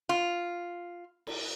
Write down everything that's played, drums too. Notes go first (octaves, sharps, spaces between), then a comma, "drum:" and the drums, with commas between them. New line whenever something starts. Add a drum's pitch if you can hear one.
F4
drum: cymbal